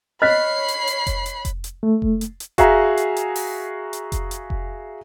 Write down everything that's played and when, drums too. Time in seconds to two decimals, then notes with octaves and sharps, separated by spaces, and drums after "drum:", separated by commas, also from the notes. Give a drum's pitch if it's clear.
0.22 C#5 D#5 B5 F6 F#6 B6 C7
0.68 drum: hi-hat
0.87 drum: hi-hat
1.07 drum: kick F1, hi-hat
1.26 drum: hi-hat
1.45 drum: kick F1, hi-hat
1.64 drum: hi-hat
1.83 A3
2.02 drum: kick F1
2.21 drum: hi-hat
2.40 drum: hi-hat
2.58 F#4 G#4 E5 F5 A#5, drum: kick F1, hi-hat
2.97 drum: hi-hat
3.16 drum: hi-hat
3.36 drum: open hi-hat
3.93 drum: hi-hat
4.12 drum: kick F1, hi-hat
4.31 drum: hi-hat
4.50 drum: kick F1